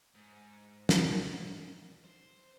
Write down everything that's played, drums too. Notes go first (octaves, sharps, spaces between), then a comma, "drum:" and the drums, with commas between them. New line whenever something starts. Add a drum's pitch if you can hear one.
G#2
drum: snare
C5